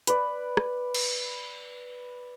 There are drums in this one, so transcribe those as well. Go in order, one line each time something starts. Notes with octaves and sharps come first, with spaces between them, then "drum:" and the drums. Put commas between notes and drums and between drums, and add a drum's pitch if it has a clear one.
B4 D5, drum: hi-hat
drum: rim click
drum: cymbal